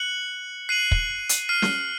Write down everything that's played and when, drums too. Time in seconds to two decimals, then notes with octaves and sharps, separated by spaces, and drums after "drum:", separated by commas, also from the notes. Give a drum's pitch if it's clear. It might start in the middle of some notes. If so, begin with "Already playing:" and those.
Already playing: F#6 C#7 F#7
0.69 F#6 C7 D#7 F#7
0.92 drum: kick
1.29 drum: hi-hat
1.49 F6 C7 D#7
1.62 drum: snare